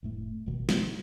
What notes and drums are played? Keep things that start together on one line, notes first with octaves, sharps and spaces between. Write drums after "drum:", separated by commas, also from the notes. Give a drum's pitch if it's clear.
F1 A2 A3
G1 D2 B2 D#3
G3, drum: snare